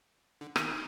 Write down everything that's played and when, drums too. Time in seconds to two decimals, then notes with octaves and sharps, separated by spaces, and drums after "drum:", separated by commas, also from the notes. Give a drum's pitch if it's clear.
0.41 D3
0.56 D#3, drum: rim click